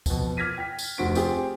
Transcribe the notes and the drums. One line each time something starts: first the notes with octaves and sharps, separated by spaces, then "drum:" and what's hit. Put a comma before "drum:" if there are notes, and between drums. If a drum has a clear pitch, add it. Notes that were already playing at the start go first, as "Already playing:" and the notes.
F2 B2, drum: kick, tambourine
D6 F6 G#6 A#6 B6 D#7
G5 F6 B6
drum: tambourine
F1 D2 F#4 C5 B6 D7
C4 F4 G4 G#4 C5, drum: tambourine